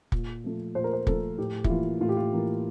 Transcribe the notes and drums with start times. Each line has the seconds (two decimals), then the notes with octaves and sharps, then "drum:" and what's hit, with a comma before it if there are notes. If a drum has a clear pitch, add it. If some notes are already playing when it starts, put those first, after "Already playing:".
0.12 A#2, drum: kick
0.44 F3 A3
0.75 A#2 C5
0.84 A#4
0.93 C5
1.07 F3 A3 A4, drum: kick
1.38 A2 G4
1.64 E4, drum: kick
1.69 E3 A#3 F4
2.01 A2 F4
2.09 G4
2.17 F4
2.33 E3 A#3